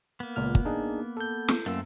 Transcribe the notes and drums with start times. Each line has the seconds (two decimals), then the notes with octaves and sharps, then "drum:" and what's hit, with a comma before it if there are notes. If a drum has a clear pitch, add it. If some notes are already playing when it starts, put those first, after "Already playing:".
0.20 A#3 B3
0.36 C#2 A#2 F6
0.55 drum: kick
0.65 D4 D#4 G#4
1.17 A4 G6
1.48 drum: snare
1.66 F#2 A3 A#3 C4 E6